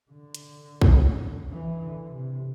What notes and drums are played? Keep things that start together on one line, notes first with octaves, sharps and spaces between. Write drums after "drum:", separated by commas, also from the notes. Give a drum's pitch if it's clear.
D3
drum: hi-hat
drum: kick A#1
E3
D3
C3